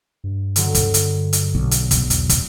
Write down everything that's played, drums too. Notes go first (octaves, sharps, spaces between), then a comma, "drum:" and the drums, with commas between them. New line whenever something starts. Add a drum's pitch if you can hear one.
G2
D3 F#3, drum: hi-hat
drum: kick, hi-hat
drum: hi-hat
drum: hi-hat
B1
drum: hi-hat
drum: kick, hi-hat
E2, drum: hi-hat
drum: kick, hi-hat